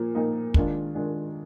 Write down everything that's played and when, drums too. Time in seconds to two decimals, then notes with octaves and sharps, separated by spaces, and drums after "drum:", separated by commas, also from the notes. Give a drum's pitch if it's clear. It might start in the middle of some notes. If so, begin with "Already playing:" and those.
Already playing: A#2 F3 A#3
0.15 A#2 F3 A#3 D#4
0.54 D#3 G#3 D4 F4, drum: kick
0.95 D#3 G#3 D4 F4